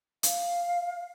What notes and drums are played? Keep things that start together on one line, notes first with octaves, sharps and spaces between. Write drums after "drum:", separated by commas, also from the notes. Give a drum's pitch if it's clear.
F5, drum: hi-hat